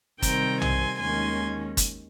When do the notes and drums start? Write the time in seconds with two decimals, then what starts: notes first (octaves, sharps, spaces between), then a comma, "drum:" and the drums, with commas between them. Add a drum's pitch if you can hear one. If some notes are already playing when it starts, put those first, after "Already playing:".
0.22 C3 D#3 G3 C4 G5 A#5, drum: kick, hi-hat
0.62 G#5 C6, drum: tom B1
0.99 D#2 D#3 G#3 C#4 G#5 C6
1.77 drum: kick, hi-hat